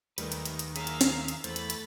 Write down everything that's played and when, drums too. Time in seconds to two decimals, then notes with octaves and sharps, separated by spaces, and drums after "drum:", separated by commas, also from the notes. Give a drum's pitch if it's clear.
0.18 D#2 G3 A3 D#4 A#4 B4, drum: hi-hat
0.32 drum: hi-hat
0.46 drum: hi-hat
0.59 drum: hi-hat
0.76 A#3 C#4 G#4 E5 F5 A#5 B6 D#7, drum: hi-hat
0.87 drum: hi-hat
1.01 drum: snare
1.28 drum: hi-hat
1.44 E2 A3 C5 B5 A6, drum: hi-hat
1.56 drum: hi-hat
1.70 drum: hi-hat